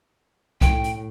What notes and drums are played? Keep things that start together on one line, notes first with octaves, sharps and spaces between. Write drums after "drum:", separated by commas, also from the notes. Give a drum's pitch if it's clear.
A2 G5, drum: kick C2, hi-hat
drum: hi-hat